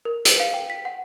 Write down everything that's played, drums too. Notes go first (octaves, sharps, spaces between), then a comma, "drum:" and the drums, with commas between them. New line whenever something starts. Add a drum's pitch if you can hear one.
A#4
E6, drum: hi-hat
F5
G5
B6
F#5